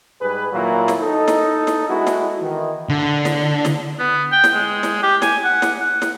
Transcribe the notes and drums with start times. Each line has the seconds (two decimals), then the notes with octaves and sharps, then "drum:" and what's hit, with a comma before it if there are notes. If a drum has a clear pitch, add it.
0.21 G#2 G3 G#4 B4
0.52 A#2 D#3 F#3 A#3 E4 F4
0.88 drum: snare
1.00 D#4 A4
1.28 drum: snare
1.67 drum: snare
1.89 G#3 B3 E4 F#4
2.07 drum: snare
2.41 D#3 E3
2.89 D3
3.25 drum: snare
3.65 drum: snare
3.99 B3
4.32 G5
4.44 drum: snare
4.54 G#3
4.83 drum: snare
5.03 G4
5.22 G#5, drum: snare
5.45 F#5
5.62 drum: snare
5.80 F#5
6.02 drum: snare